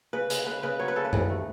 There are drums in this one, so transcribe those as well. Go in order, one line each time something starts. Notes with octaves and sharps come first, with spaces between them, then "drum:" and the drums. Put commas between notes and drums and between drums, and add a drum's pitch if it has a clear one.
C#3 B4
C#3, drum: hi-hat
C#3 B4
C#3 B4
F#3 C#5
B4
C#3 A4
B4
C#3, drum: tom F#2
A3